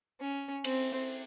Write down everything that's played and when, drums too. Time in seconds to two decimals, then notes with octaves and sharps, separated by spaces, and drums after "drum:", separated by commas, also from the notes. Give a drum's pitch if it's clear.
0.21 C#4
0.64 C4, drum: cymbal